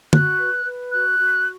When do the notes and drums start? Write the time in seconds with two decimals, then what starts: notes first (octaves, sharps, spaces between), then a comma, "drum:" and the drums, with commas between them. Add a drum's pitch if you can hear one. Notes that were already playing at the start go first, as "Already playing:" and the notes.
0.13 F#4 F#6, drum: tom
0.39 B4
0.66 B4
0.92 F#4 F#6
1.18 F#4